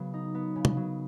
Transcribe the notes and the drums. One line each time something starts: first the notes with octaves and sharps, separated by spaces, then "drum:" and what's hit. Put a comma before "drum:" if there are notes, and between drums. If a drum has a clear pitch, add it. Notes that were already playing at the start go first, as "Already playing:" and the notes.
Already playing: C#3 F#3 B3
D#4
B3
C#3
drum: tom
F#3